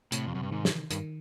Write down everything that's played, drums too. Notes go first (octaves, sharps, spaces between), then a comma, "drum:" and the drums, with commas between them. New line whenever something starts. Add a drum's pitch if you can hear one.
A2 C3, drum: hi-hat
F2
F#2
G2
G#2 D#3
drum: snare
G2 D#3, drum: hi-hat